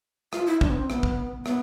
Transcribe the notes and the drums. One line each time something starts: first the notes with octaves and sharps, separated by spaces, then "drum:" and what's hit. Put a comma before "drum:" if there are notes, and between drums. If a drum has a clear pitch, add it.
F4, drum: rim click
E4
D4, drum: kick
B3
C4
B3, drum: rim click
drum: kick
B3, drum: rim click